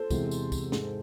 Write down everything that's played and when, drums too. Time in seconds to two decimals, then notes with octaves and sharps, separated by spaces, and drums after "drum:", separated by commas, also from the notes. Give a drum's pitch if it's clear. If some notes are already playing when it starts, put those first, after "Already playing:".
Already playing: A4 C5
0.10 E2 C3 G#3, drum: kick, tambourine
0.31 drum: tambourine
0.52 drum: kick, tambourine
0.72 G#2 G#3, drum: snare